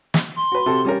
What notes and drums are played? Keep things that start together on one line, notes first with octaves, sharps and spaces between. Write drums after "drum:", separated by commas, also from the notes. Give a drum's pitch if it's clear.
drum: snare
C6
F#4 B4
C3 F#4 A4
G3 C#4 A#4